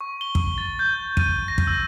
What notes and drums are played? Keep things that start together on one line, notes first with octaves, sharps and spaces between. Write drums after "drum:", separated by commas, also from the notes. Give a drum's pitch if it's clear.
C#6
G7
drum: kick
A6
G6
D#7, drum: kick
A#6
drum: kick
E6